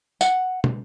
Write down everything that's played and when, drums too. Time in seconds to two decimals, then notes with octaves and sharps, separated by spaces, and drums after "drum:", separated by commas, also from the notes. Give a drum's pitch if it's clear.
0.21 F#5, drum: tambourine
0.64 drum: tom